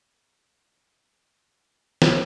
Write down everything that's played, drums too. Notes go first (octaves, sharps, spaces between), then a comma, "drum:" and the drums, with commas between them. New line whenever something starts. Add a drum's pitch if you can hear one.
A#2 F#4 A#4
D5 B6
F#3 F4 G4 A4 C#5 F5
drum: snare